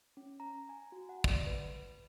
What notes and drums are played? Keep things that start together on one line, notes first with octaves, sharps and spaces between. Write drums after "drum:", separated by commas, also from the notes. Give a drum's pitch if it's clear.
C#4
A#5
G#5
F#4
F#5
D5, drum: kick
B4